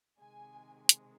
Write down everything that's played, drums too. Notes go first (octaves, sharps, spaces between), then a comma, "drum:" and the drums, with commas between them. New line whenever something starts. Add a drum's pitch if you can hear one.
C3 D#3 G#3 G#5
drum: hi-hat